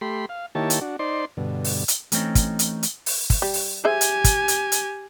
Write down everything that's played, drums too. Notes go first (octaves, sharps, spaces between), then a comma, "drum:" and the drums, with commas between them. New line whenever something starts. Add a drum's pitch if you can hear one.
A3 G4 B5 C6
F5
D#3 A#3 E4 G4 C#5 A5
drum: hi-hat
D4 F#4
D#4 C5 D5 C6
G2 B2 D3
drum: open hi-hat
drum: hi-hat
E3 A3 C4 C#4 D#4, drum: hi-hat
drum: kick, hi-hat
drum: hi-hat
drum: hi-hat
drum: open hi-hat
drum: kick, open hi-hat
G3
drum: open hi-hat
G4 G#4 C5 E5 G#5
drum: hi-hat
drum: kick, hi-hat
drum: hi-hat
drum: hi-hat